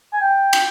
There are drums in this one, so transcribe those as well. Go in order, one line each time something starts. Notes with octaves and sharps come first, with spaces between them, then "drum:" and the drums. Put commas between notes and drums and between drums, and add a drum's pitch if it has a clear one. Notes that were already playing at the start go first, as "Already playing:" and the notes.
G#5
G5
drum: cymbal